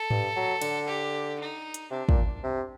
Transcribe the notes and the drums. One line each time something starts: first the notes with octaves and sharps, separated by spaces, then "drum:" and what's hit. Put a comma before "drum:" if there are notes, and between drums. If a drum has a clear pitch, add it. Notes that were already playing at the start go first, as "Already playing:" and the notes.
Already playing: A4
G2, drum: tom G#2
F#3
D3, drum: cymbal
G4
D#4
drum: hi-hat
C3 D4
A#2, drum: kick
C3